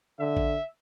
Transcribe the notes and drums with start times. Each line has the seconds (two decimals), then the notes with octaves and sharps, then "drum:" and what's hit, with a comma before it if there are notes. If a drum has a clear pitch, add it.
0.20 D3 E5
0.37 drum: kick A1